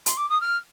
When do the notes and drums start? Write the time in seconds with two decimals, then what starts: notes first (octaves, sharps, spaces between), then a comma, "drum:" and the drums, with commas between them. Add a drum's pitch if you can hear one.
0.06 C6, drum: hi-hat
0.17 D6
0.29 D#6
0.41 F6